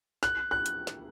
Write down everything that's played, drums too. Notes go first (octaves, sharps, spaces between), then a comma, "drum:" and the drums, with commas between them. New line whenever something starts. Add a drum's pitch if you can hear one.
F#6, drum: snare
F#6
drum: hi-hat
drum: snare